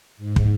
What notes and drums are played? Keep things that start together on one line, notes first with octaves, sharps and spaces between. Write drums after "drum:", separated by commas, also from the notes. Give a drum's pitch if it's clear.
G#2
drum: kick